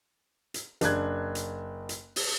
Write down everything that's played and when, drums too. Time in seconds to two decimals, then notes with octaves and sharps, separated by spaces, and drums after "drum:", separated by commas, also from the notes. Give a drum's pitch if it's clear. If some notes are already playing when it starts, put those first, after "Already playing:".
0.54 drum: hi-hat
0.81 F#1 D4 F#6 G#6, drum: hi-hat
1.35 drum: hi-hat
1.89 drum: hi-hat
2.16 drum: open hi-hat